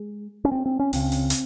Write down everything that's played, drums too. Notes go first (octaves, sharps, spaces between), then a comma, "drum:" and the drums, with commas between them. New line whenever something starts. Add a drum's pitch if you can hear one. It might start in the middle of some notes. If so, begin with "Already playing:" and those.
Already playing: G#3
C#4
C4
C4
C#4
C#2 C#3 C4, drum: open hi-hat
drum: open hi-hat
drum: hi-hat